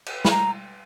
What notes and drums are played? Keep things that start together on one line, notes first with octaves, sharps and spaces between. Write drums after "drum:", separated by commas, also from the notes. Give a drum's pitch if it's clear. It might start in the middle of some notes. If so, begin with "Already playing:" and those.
drum: cymbal
B5, drum: snare
A#5